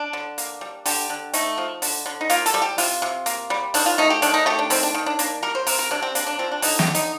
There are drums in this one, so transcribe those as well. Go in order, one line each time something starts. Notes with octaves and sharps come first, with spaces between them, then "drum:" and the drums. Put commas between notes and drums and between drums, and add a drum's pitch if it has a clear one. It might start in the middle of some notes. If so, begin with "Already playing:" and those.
Already playing: D4
D3
A#3, drum: hi-hat
G3
D3 G4, drum: open hi-hat
D3
A3 D#4, drum: hi-hat
F3
D3, drum: open hi-hat
D3
D#4
A#3 F4, drum: hi-hat
A4, drum: hi-hat
G3
G4
C3 F4, drum: open hi-hat
C3
A#3, drum: hi-hat
G3
D#3 D4, drum: open hi-hat
F4
A3 D#4
G4
D#3 D4, drum: hi-hat
D#4
A3 G4
D4
D#3 C4, drum: open hi-hat
D4
D#3
D4
A#3 D4, drum: hi-hat
G3 A#4
C5
C3 A#4, drum: open hi-hat
A#4
C3 D4
C4
A#3 D4, drum: hi-hat
D4
F3 C4
D4
D3 D#4, drum: open hi-hat
G4, drum: snare
D3
D#4, drum: hi-hat